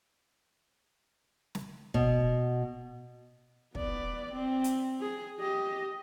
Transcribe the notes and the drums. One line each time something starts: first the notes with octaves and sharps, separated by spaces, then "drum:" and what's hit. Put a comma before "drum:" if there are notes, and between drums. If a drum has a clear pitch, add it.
drum: snare
B2, drum: kick
B3 D5, drum: kick
C4
drum: hi-hat
G#4
G4 D#5